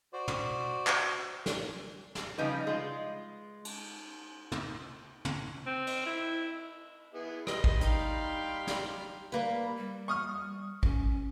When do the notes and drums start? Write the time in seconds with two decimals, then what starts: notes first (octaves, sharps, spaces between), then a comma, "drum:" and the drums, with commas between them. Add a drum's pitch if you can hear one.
0.13 F#4 C5 D5
0.28 drum: tom
0.87 drum: clap
1.46 drum: snare
2.15 drum: snare
2.38 C#3 F3 G3 D#4 B4
2.67 G#3 F4
3.65 drum: cymbal
4.52 drum: tom
5.25 drum: tom
5.66 C4
5.87 drum: cymbal
6.06 E4
7.14 B3 E4 G#4
7.47 G3 D#5 B5 C6, drum: rim click
7.64 drum: kick
7.81 D#4 F5 G5, drum: hi-hat
8.67 drum: snare
9.32 G3 A#3 B4
9.77 G3
10.08 C#6 D#6 F6
10.83 C#4, drum: kick